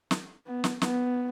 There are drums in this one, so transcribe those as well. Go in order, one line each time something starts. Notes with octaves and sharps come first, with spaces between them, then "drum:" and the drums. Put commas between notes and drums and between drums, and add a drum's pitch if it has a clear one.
drum: snare
B3
drum: snare
B3, drum: snare